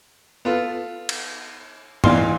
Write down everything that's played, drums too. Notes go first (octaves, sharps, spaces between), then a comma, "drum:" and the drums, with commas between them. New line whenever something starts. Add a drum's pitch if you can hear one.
B3 F4 A4
drum: cymbal
E2 A#2 E3 D#4 F5 C6, drum: tom